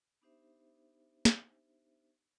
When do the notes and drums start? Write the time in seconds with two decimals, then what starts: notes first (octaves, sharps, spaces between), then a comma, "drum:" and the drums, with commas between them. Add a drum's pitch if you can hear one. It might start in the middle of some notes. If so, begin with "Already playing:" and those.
0.22 B3 D4 D#4 G4 C5 E5
1.25 drum: snare